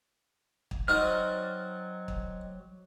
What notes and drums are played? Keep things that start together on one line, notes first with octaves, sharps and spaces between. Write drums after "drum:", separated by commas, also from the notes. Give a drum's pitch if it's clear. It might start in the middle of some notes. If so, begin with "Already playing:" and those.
drum: kick
F#3 C4 D#4 F#4 D5 F6
drum: kick